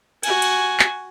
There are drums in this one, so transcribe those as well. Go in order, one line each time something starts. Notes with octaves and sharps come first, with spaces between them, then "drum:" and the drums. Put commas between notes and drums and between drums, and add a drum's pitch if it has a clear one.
F#4 G#5, drum: cymbal
drum: cymbal
drum: clap